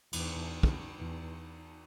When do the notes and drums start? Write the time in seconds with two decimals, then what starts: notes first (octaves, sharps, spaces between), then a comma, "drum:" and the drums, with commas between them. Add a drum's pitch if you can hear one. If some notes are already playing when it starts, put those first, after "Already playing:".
0.13 E2, drum: cymbal
0.63 drum: kick
0.99 E2